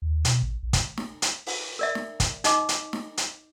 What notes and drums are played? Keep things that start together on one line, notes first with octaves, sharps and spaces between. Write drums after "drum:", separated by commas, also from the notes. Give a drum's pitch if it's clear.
D#2
B2, drum: hi-hat
A1
A#1
drum: kick, hi-hat
drum: snare
drum: hi-hat
drum: open hi-hat
A#4 D5 E5
drum: snare
drum: kick, hi-hat
D#4 D#5 A5 D6, drum: hi-hat
drum: hi-hat
drum: snare
drum: hi-hat